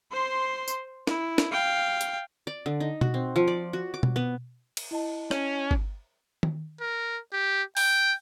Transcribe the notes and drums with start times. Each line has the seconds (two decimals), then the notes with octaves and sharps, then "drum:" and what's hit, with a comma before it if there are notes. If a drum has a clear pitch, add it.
0.12 C5 C6
0.68 drum: tambourine
1.07 E4, drum: snare
1.38 drum: snare
1.52 F5 G5
2.01 drum: hi-hat
2.47 D5
2.66 D3
2.80 D#4
3.01 F#4, drum: tom B2
3.14 C4
3.36 F3
3.48 D5
3.73 F#4
3.94 D6
4.03 drum: tom B2
4.16 B3
4.77 drum: cymbal
4.91 E4 D#5 A5
5.31 C#4, drum: rim click
5.71 drum: kick G1
6.43 drum: tom
6.81 A#4
7.33 G4
7.77 G5, drum: open hi-hat